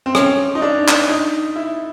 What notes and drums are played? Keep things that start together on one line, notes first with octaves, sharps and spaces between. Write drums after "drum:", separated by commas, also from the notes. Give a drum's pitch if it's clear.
C4
C#4, drum: rim click
D#4
D4
drum: clap
D#4
E4